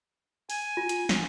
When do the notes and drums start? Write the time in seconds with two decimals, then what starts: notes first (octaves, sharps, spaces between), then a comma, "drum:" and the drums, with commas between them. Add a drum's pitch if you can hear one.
0.50 G#5, drum: open hi-hat
0.77 F4
0.89 drum: hi-hat
1.09 drum: snare